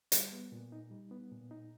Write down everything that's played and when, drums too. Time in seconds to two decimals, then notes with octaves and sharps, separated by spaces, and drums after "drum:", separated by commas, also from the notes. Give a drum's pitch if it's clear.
0.12 G3, drum: hi-hat
0.33 B3
0.52 A#2
0.72 D#4
0.91 G3
1.11 B3
1.31 A#2
1.51 D#4